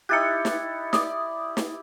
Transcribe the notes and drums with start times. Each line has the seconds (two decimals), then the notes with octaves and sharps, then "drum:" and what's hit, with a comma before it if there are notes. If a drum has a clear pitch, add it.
0.09 D#4 E4 G4 F#6 A6 C#7
0.45 drum: snare
0.93 D5 D#6, drum: snare
1.57 drum: snare